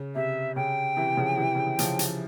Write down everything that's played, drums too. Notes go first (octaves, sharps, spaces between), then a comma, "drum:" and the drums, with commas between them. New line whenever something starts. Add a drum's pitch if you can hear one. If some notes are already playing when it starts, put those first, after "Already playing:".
Already playing: C#3
C3 E5
C#3 G5
C3 E3
C#3 F3
C3 E3
C#3
E3
C#3 F3, drum: hi-hat
drum: hi-hat